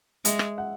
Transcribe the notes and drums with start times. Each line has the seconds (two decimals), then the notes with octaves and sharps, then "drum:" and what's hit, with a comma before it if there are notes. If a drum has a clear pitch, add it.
0.25 G#3 E5, drum: hi-hat
0.39 drum: rim click
0.58 F#5